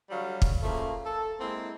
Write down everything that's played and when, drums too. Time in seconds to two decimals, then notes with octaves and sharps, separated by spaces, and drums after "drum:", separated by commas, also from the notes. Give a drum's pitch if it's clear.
0.10 D3 F#3 G3 F#4 F5
0.42 drum: kick
0.63 C#3 F3 A3 A#3
1.06 A4
1.40 G#3 A#3 C4 E4